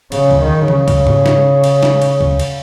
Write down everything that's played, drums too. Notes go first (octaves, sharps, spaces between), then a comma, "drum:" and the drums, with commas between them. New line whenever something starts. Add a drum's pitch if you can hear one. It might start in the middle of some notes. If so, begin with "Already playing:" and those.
C#3, drum: cymbal
drum: kick
D#3
C#3, drum: tom E3
drum: kick, cymbal
drum: tom G#2
drum: snare
drum: cymbal
drum: snare
drum: cymbal
drum: kick
drum: cymbal